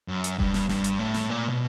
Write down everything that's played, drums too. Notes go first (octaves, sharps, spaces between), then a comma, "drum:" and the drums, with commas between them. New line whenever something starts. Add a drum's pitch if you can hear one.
F#2
drum: hi-hat
G2, drum: kick F1
drum: snare
G2, drum: snare
drum: hi-hat
A2
drum: snare
A#2
B2